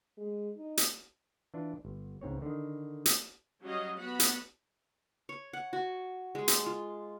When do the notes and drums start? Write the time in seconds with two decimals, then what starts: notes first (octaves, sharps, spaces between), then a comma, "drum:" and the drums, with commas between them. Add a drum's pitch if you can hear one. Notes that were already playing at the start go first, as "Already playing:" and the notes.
0.17 G#3
0.57 D#4
0.77 drum: hi-hat
1.54 E3 D4 F4
1.85 G1
2.21 C#2 G#2 C4 C#5
2.42 D3 D#3
3.06 drum: hi-hat
3.63 F#3 G3 C#4 C#5 D#5 F5
3.98 B3 F#4 F#5 B5
4.20 drum: hi-hat
5.29 C#5
5.53 F#5
5.73 F#4
6.35 G#3
6.48 drum: hi-hat
6.66 F4